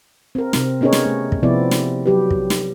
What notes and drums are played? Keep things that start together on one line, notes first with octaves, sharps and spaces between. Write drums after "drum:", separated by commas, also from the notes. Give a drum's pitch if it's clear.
C4 A#4
C3 C4, drum: snare
B3 C#4 D#4 G#4 A#4 C#5
drum: snare
A3
drum: kick
C3 F3 B3 C4 E4 D5
drum: snare
F#3 G4 B4
drum: kick
drum: snare